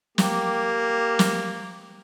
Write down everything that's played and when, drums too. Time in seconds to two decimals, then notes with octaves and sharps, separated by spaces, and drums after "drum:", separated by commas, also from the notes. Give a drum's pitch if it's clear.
0.18 A#3 G4, drum: snare
1.19 drum: snare